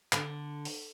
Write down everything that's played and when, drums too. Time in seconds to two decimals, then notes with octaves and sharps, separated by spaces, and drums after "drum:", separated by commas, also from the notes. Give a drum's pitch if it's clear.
0.13 D3, drum: clap
0.65 drum: open hi-hat